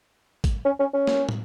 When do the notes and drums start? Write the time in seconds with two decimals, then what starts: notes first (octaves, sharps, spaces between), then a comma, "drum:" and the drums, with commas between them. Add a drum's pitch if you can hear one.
0.44 drum: kick G#1, hi-hat
0.65 C#4
0.80 C#4
0.94 C#4
1.07 drum: snare
1.29 drum: tom